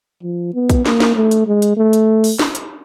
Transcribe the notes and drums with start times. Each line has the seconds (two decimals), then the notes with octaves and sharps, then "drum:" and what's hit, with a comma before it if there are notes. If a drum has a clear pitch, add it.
0.23 F3
0.54 B3
0.70 drum: kick, hi-hat
0.86 A#3, drum: snare
1.00 drum: snare
1.15 A3
1.31 drum: hi-hat
1.47 G#3
1.62 drum: hi-hat
1.77 A3
1.93 drum: hi-hat
2.24 drum: open hi-hat
2.39 drum: snare
2.55 drum: hi-hat